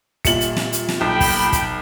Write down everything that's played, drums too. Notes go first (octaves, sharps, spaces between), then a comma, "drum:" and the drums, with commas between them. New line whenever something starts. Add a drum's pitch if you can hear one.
D#1 A#2 C#7 F#7, drum: kick, hi-hat
drum: hi-hat
drum: snare
drum: hi-hat
drum: snare
B1 G5 B5
drum: kick, open hi-hat
drum: kick, hi-hat